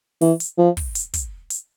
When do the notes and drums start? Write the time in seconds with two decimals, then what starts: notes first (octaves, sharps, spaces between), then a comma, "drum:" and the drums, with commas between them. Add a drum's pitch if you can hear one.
0.21 E3, drum: open hi-hat
0.40 drum: hi-hat
0.58 F3
0.77 drum: kick, open hi-hat
0.95 drum: hi-hat
1.14 drum: kick, hi-hat
1.50 drum: hi-hat